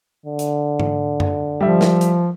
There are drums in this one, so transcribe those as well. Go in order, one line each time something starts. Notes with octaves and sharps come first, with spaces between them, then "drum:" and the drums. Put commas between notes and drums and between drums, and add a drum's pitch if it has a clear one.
D3
drum: hi-hat
drum: tom G#2
drum: tom F#2
F3 G3 E5
drum: snare
drum: hi-hat